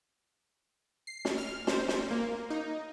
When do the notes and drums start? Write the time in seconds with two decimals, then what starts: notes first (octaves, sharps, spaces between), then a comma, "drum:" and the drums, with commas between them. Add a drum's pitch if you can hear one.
1.07 C7
1.25 drum: snare
1.38 F6
1.67 C5, drum: snare
1.88 drum: snare
2.11 A#3
2.50 D#4